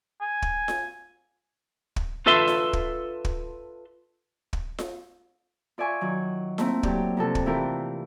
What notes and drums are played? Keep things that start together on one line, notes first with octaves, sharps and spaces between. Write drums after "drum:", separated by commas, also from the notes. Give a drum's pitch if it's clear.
G#5
drum: kick
drum: snare F4
drum: kick
D4 F4 A4 B4 E5 C6
drum: snare F4
drum: kick
drum: kick
drum: kick
drum: snare F4
F4 D5 E5 G#5 C#6
D#3 F#3
A3 A#3 C4 E4, drum: snare F4
F#3 G4 D5, drum: kick
F2 C3 A4
drum: kick
E3 A3 E4 F4 G4 A#4